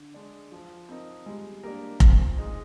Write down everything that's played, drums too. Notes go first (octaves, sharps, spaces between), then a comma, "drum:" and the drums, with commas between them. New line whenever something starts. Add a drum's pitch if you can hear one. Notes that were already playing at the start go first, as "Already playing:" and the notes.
Already playing: D3
G#3 D4
F3
C4 D#4 A#4
G3 G#3
A#3 D4 G4 A#4
A#2 C4, drum: kick F1
G#3 D#4